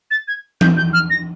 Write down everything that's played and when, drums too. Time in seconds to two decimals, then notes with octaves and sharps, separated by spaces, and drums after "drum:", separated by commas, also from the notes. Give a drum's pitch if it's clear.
0.11 A6
0.28 G#6
0.61 G6, drum: tom E3
0.77 G6
0.93 F6
1.10 A#6